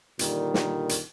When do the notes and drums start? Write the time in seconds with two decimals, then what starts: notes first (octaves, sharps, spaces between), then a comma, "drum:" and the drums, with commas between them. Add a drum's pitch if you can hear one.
0.19 A#2 D3 D#3 G3, drum: hi-hat
0.54 drum: snare
0.89 drum: hi-hat